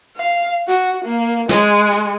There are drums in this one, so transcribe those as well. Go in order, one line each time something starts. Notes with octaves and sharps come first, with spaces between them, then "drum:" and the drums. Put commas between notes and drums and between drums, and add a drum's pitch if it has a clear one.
F5
F#4, drum: hi-hat
A#3
G#3, drum: snare
drum: hi-hat